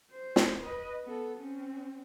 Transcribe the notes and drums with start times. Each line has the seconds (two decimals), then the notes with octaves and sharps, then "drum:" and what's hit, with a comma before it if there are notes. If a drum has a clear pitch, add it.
0.12 C5
0.36 drum: snare
0.63 B4 D#5
1.04 B3 A4
1.38 C4 C#4